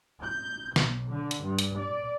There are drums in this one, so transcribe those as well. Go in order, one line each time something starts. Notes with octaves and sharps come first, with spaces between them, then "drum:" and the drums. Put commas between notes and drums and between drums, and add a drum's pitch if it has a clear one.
G6
B1, drum: snare
D3
drum: hi-hat
G2
drum: hi-hat
D5